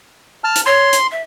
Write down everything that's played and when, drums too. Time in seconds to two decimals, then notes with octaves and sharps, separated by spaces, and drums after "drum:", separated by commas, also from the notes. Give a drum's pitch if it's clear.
0.44 A5 F6
0.56 drum: hi-hat
0.66 C#5 C6
0.93 drum: hi-hat
1.12 E5